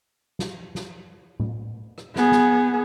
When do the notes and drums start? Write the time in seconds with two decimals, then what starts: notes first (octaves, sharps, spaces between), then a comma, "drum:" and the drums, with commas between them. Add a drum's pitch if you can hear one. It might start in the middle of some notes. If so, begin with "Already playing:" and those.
0.39 drum: snare
0.75 drum: snare
1.40 drum: tom A2
1.98 drum: rim click
2.16 B3 G#4, drum: snare
2.32 drum: snare